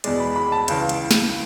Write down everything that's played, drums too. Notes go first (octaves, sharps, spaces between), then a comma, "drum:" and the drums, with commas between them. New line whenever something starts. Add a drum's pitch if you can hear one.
E2 B2 G#3 D5, drum: hi-hat
B5
B5
A5
C#2 C#3 E3, drum: hi-hat
drum: hi-hat
drum: snare